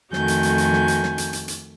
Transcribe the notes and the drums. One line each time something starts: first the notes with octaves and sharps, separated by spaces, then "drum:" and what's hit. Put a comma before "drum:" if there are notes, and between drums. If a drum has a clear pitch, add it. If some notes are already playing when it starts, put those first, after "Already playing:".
F2 D#3 A3 F#4 G#5 G6, drum: snare
drum: hi-hat
drum: hi-hat
drum: hi-hat
drum: snare
drum: hi-hat
drum: snare
drum: hi-hat
drum: hi-hat
drum: hi-hat